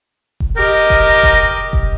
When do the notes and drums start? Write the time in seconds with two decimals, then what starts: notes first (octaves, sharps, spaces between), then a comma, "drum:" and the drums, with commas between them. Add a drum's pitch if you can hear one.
0.40 drum: kick F1
0.57 G4 A#4 D#5
0.90 drum: kick F1
1.23 drum: kick F1
1.73 drum: kick F1